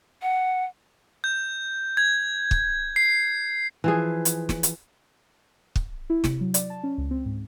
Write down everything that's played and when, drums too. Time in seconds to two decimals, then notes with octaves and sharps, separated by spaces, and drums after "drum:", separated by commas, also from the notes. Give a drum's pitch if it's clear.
0.22 F#5
1.24 G6
1.97 G#6
2.51 drum: kick
2.96 C7
3.84 E3 F3 G#4
4.25 drum: hi-hat
4.49 drum: snare
4.63 drum: hi-hat
5.76 drum: kick
6.10 E4
6.24 C3, drum: snare
6.41 F#3
6.54 D5, drum: hi-hat
6.70 A5
6.84 C#4
6.98 C#2
7.11 C4
7.26 G#2